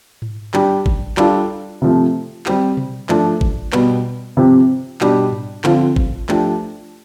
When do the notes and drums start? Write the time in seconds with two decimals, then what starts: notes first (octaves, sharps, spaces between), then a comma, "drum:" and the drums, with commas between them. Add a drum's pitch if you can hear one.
0.22 drum: tom G#2
0.54 G3 D4 G4, drum: clap
0.86 drum: kick
1.17 G3 D4 F4 A4, drum: clap
1.82 C3 F3 A3
2.46 G3 C4 G4, drum: clap
2.77 drum: tom B2
3.09 F3 A3 D4 A4, drum: clap
3.41 drum: kick
3.72 B2 G3 B3, drum: clap
4.37 C3 F3 C4 G4
5.01 B2 G3 D4 G4, drum: clap
5.33 drum: tom G#2
5.64 D3 F3 C4 F4, drum: clap
5.96 drum: kick
6.29 F3 A3 D4 G4, drum: clap